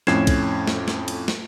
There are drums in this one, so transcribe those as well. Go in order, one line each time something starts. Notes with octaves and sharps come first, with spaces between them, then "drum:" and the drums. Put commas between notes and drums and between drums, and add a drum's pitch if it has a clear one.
F2 A2 C#4 G#6 C7 E7, drum: snare
drum: kick B1, cymbal
drum: snare
drum: snare
drum: cymbal
drum: snare